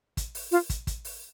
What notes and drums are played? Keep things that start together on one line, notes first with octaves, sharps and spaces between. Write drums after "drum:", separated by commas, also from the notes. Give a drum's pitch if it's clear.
drum: kick, hi-hat
drum: open hi-hat
F4, drum: open hi-hat
drum: kick, hi-hat
drum: kick, hi-hat
drum: open hi-hat